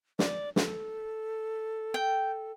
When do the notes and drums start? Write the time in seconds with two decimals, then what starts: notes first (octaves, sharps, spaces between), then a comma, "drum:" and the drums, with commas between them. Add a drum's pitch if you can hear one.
0.19 D5, drum: snare
0.56 A4, drum: snare
1.94 G5